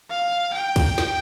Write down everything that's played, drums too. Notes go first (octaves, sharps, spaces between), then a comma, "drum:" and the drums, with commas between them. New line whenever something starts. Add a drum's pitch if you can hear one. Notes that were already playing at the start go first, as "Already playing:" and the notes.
F5
G5
drum: kick, cymbal
drum: snare